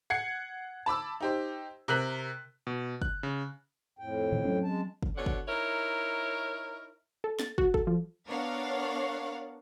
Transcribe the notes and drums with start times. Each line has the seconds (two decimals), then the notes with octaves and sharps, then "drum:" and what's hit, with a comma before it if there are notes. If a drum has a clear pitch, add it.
0.10 F#5 G#6 C7 C#7
0.86 A5 B5 D6 E6
1.20 D#4 G4 C5
1.88 C3 A#4 F#6 B6 F#7
2.67 B2
3.02 F#6, drum: kick
3.23 C#3
3.99 F2 A2 G5
4.32 A#2 D#3
4.45 F#3 C4 C#4
4.64 G#3 A5
5.03 drum: kick
5.16 B2 D3 C#5 F#5
5.26 drum: kick
5.48 D#4 E4 A#4 C#5
7.24 A4
7.39 A6, drum: snare
7.58 F#4, drum: kick
7.74 A4, drum: kick
7.87 F3
8.28 B3 D4 A#4 C#5 F5 F#5